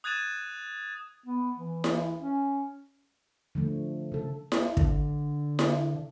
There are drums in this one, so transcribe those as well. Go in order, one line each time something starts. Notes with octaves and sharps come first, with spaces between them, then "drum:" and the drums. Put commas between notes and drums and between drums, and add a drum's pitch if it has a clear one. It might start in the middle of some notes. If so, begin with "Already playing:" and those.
D#6 F#6 G#6 A6 D#7 E7
B3
E3
drum: snare E4
C#4
D3 F3 A3
C#3 A4
drum: snare E4
D3, drum: kick
drum: snare E4